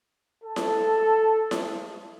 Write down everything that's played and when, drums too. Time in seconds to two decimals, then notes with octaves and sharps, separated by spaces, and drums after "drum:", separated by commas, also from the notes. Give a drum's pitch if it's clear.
0.44 A4
0.56 drum: snare E4
1.51 drum: snare E4